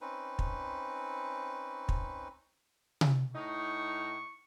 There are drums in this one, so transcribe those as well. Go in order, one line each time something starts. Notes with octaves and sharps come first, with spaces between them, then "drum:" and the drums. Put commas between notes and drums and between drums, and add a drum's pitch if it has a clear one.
C4 C#4 D#4 B4
drum: kick
drum: kick
drum: tom C3
A2 D#4 C#6